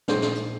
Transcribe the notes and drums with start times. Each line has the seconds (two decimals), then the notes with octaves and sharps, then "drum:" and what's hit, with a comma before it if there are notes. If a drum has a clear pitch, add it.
0.08 A#1 A#2 G#3 D#4 C5, drum: snare
0.22 drum: snare
0.35 drum: hi-hat